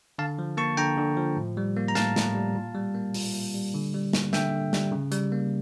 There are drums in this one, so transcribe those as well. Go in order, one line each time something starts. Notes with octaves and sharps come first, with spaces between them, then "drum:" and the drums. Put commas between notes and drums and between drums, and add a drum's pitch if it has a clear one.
D3 F5 A5
F3
A#3 A5 C#6
D3 G5 A#5
D3
F3
A2
G3
A#3
A#5
A2 F5 A5, drum: snare
A2, drum: snare
G3
A#2
G3
A#3
A#2, drum: open hi-hat
A#2
G3
D3
G3
A#3, drum: snare
D3 E5 G5, drum: snare
D3
G3, drum: snare
C#3
G3, drum: hi-hat
A#3